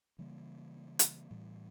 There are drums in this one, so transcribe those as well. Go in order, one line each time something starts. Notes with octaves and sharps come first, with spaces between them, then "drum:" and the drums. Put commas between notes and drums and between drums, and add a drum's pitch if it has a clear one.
C#3 E3 G3 A#3
drum: hi-hat
A2 E3 G3